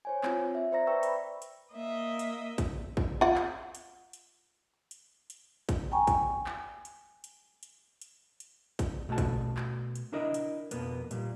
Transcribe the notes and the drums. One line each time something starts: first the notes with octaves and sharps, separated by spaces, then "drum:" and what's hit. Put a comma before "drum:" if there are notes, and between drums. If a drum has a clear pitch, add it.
C5 C#5 G#5
C4 F4, drum: clap
E5
C5 D5 E5 A#5 A#6
B4 D5 G5 C#6 E6
B5, drum: hi-hat
drum: hi-hat
A#3 D#5 E5
drum: hi-hat
drum: kick, hi-hat
drum: kick
F4 F#5
drum: clap
drum: hi-hat
drum: hi-hat
drum: hi-hat
drum: hi-hat
drum: kick, hi-hat
G5 G#5 A#5 C#6
drum: kick, hi-hat
drum: clap
drum: hi-hat
drum: hi-hat
drum: hi-hat
drum: hi-hat
drum: hi-hat
drum: kick, hi-hat
B2 A3 F#4 A5
drum: kick, hi-hat
drum: clap
drum: hi-hat
D4 E4 A#4 D#5
drum: hi-hat
F2 B2 A#3 B3, drum: hi-hat
A#2 G3, drum: hi-hat